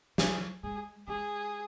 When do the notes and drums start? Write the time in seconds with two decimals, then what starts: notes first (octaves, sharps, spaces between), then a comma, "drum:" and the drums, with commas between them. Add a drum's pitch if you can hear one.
0.18 F#3 G#4, drum: snare
0.63 G#3 G#4
1.08 G#3 G#4